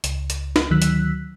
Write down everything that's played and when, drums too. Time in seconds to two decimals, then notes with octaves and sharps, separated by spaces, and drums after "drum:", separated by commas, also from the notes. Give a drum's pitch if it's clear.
0.04 C#2, drum: hi-hat
0.30 drum: hi-hat
0.56 drum: snare
0.70 D2 D#3 F#3 E6 F#6 B6
0.82 drum: hi-hat